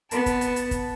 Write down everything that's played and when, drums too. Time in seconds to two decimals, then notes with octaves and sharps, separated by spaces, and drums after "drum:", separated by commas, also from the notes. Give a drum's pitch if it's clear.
0.11 B3 A5, drum: hi-hat
0.26 drum: kick, hi-hat
0.41 drum: hi-hat
0.56 drum: hi-hat
0.71 drum: kick, hi-hat